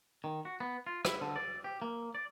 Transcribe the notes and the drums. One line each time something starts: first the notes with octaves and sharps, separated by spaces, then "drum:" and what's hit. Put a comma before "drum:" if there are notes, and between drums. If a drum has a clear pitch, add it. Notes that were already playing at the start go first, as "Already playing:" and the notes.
D#3
F#4
B3
F4
E4, drum: rim click
D3
D5
G4
A#3
D5